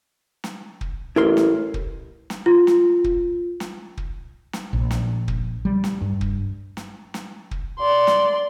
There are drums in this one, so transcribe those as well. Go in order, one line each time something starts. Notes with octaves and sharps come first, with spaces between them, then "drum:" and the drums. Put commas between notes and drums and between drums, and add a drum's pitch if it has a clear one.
drum: snare
drum: kick
A1 E4 A#4 C6
drum: snare
drum: kick
drum: snare
F4
drum: snare
drum: kick
drum: snare
drum: kick
drum: snare
A#1
drum: snare
drum: kick
G3
drum: snare
G2
drum: kick
drum: snare
drum: snare
drum: kick
D5 C6
drum: snare